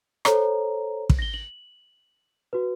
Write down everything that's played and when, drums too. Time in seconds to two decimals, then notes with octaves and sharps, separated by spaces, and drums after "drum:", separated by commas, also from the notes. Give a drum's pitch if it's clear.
0.25 A4 C5 C#5 A#5, drum: rim click
1.10 drum: kick
1.19 A#6 G7
1.34 F#7
2.53 F#4 B4